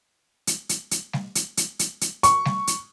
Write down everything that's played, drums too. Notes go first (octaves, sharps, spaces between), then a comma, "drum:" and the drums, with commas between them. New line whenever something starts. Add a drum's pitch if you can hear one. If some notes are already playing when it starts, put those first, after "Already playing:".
drum: hi-hat
drum: hi-hat
drum: hi-hat
drum: snare G3
drum: hi-hat
drum: hi-hat
drum: hi-hat
drum: hi-hat
C#6, drum: hi-hat
drum: snare G3
drum: hi-hat